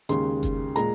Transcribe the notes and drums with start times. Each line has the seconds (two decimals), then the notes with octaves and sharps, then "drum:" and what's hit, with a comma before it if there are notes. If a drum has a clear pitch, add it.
0.09 D#2 C#3 G#3 C6, drum: hi-hat
0.43 drum: kick F#1, hi-hat
0.76 A#2 G#3 A#5, drum: hi-hat